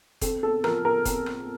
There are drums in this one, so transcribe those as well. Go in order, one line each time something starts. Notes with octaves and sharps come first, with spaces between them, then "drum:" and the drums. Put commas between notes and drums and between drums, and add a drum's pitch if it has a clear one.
C4 A4, drum: kick E1, hi-hat
A4
F3 A#4, drum: rim click
A#4
C4 A#4, drum: kick E1, hi-hat
drum: rim click